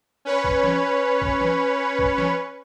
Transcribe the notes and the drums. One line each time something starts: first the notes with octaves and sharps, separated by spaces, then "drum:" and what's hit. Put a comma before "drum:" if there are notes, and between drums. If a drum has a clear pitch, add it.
C#4 B4 C#5
drum: kick A#1
drum: snare
drum: kick A#1
drum: snare
drum: kick A#1
drum: snare